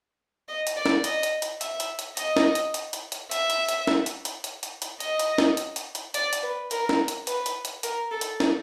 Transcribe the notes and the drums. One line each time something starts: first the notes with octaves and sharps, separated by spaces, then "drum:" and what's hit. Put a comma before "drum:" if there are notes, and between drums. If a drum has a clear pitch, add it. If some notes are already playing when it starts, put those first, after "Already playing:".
D#5
drum: hi-hat
D5
drum: snare
D#5, drum: hi-hat
drum: hi-hat
drum: hi-hat
E5, drum: hi-hat
drum: hi-hat
drum: hi-hat
D#5, drum: hi-hat
drum: snare
drum: hi-hat
drum: hi-hat
drum: hi-hat
drum: hi-hat
E5, drum: hi-hat
drum: hi-hat
drum: hi-hat
drum: snare
drum: hi-hat
drum: hi-hat
drum: hi-hat
drum: hi-hat
drum: hi-hat
D#5, drum: hi-hat
drum: hi-hat
drum: snare
drum: hi-hat
drum: hi-hat
drum: hi-hat
D5, drum: hi-hat
drum: hi-hat
B4
A#4, drum: hi-hat
drum: snare
drum: hi-hat
B4, drum: hi-hat
drum: hi-hat
drum: hi-hat
A#4, drum: hi-hat
A4
drum: hi-hat
drum: snare